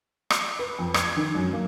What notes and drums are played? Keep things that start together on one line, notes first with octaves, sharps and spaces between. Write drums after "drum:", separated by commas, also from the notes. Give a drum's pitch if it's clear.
drum: rim click
B4
F2
G#6, drum: rim click
D#3
F#2
A#3